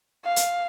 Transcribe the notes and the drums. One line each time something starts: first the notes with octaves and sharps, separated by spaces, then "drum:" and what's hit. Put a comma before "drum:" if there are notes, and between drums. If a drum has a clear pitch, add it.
F5
drum: hi-hat